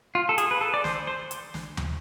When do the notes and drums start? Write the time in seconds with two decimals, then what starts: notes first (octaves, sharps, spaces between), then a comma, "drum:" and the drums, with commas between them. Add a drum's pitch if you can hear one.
0.15 F4
0.29 A4
0.38 G#4, drum: hi-hat
0.51 B4
0.61 A4
0.74 D5
0.84 C5, drum: snare
1.07 C5
1.31 drum: hi-hat
1.54 drum: snare
1.77 drum: tom